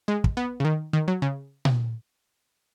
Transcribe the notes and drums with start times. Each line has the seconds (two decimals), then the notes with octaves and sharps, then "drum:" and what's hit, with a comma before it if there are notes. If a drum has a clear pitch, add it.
0.08 G#3
0.24 drum: kick
0.37 B3
0.60 C#3
0.65 D#3
0.93 D#3
1.08 F#3
1.22 C#3
1.65 drum: tom A#2